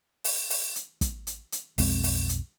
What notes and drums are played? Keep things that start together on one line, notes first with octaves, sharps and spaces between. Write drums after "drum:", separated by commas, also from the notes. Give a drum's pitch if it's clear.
drum: open hi-hat
drum: open hi-hat
drum: hi-hat
drum: kick, hi-hat
drum: hi-hat
drum: hi-hat
B1 F2 G#3 C4, drum: open hi-hat
drum: open hi-hat
drum: hi-hat